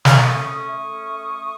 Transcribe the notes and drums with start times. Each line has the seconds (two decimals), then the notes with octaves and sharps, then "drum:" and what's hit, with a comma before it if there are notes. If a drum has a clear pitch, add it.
0.05 A3 C#6 D#6, drum: snare
0.26 C#4
0.47 A3 C#6 D#6
0.68 A3
0.89 C#4
1.09 A3
1.30 A3